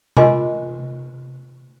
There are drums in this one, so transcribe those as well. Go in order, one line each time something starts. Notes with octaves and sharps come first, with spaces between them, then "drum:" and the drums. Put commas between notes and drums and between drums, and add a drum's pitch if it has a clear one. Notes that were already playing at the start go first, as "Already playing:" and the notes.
F4 A#4 D#5 G#5 C6 D6, drum: tom C3